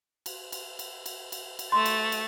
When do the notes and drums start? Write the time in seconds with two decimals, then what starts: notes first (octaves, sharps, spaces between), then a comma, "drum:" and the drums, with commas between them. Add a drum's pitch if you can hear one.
0.26 drum: cymbal
0.52 drum: cymbal
0.79 drum: cymbal
1.06 drum: cymbal
1.32 drum: cymbal
1.59 drum: cymbal
1.72 A3 C6 A6
1.85 drum: cymbal
2.12 drum: cymbal